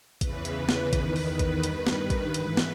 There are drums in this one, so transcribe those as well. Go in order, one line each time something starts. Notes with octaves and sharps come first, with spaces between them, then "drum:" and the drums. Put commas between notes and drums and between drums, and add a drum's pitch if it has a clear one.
E2 C#3 E3 B4, drum: kick A1, hi-hat
drum: hi-hat
drum: snare
E2 D#3 B4, drum: kick A1, hi-hat
drum: open hi-hat
drum: kick A1, hi-hat
G2 D#3, drum: hi-hat
drum: snare
drum: kick A1, hi-hat
G#2 E3, drum: hi-hat
drum: snare